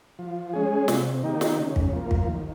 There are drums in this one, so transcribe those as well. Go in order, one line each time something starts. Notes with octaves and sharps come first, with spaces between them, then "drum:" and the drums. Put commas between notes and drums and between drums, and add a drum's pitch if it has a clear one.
F3
G#3 C#4 G#4
C3, drum: snare
D#3 A#3 D#4 G4
drum: snare
C#3
drum: kick
F3 A#3
drum: kick
D#2